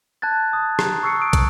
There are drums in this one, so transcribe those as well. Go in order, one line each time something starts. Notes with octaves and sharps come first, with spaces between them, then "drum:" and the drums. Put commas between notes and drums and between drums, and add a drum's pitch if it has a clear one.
A5 F#6 G#6 A6
D#6
A#5, drum: rim click
C#6 E6 C7 C#7
C#6 D#6 D7
drum: kick, hi-hat